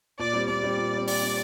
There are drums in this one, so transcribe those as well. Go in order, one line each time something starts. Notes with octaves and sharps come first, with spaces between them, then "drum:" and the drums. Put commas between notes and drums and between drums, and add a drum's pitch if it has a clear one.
A#2 D5
G3 C4
A#2 D5
G3 C4
A#2
G3 C4
A#2 D5, drum: open hi-hat
G3 C4